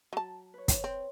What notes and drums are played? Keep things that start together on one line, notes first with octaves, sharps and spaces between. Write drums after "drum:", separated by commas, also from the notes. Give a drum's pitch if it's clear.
F#3 A5
B4 C#5
drum: kick, hi-hat
C4